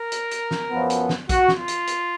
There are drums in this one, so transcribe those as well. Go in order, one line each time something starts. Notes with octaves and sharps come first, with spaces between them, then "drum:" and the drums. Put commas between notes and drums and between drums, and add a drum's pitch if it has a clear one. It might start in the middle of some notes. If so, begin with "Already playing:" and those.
Already playing: A#4
drum: hi-hat
drum: hi-hat
drum: snare
F#2 F3 B3
drum: hi-hat
drum: snare
F#4, drum: kick A#1, hi-hat
drum: snare
F4
drum: hi-hat
drum: hi-hat